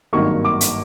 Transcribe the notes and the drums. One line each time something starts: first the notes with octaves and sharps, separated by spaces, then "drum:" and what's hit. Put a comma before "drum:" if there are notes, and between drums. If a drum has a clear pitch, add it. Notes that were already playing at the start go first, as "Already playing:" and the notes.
G#1 G2 D#3 F#3 A#3 C#6
D6
drum: hi-hat